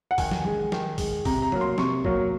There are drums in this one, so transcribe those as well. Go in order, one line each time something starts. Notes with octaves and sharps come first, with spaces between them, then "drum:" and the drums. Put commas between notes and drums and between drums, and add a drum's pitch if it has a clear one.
F#5
D#3 G#5, drum: kick A1, open hi-hat
drum: snare
G#3, drum: tom E3
D#3, drum: snare
G#3, drum: kick A1, open hi-hat
C3 A#5, drum: kick A1, open hi-hat
A#5
F#3 A#3, drum: tom C3
C6
C3 C#6, drum: snare
F#3 A#3, drum: kick A1